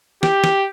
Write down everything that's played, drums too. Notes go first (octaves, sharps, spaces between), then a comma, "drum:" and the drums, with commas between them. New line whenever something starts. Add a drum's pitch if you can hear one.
G4, drum: snare
drum: snare